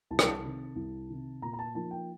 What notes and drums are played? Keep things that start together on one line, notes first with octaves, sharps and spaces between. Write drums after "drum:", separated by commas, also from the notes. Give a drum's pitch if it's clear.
C2 A5
G5, drum: rim click
A5
C3 D#3
C2
C3 D#3
A#2 A#5
A#5
A5
F3 A#3 D#4 A5
G5